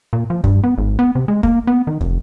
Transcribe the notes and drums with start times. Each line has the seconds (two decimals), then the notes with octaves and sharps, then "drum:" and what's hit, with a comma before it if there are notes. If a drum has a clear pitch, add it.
0.13 A#2
0.30 F3
0.44 G2, drum: kick
0.64 B3
0.78 G#1
0.99 B3
1.15 C3
1.28 G#3
1.43 A#3, drum: kick
1.67 B3
1.87 D#3
2.01 F1, drum: kick